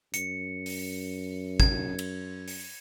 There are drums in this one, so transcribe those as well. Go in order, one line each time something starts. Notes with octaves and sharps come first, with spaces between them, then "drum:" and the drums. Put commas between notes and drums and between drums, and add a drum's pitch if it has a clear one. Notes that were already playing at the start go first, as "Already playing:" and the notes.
F#2 C#7, drum: hi-hat
drum: open hi-hat
G#6, drum: kick
drum: cymbal
drum: open hi-hat